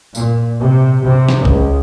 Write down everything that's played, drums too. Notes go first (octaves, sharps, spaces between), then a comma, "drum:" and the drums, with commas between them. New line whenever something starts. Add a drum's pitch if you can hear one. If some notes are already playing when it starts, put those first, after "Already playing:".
A#2, drum: tambourine
C3
C3
drum: snare
C#2, drum: kick A1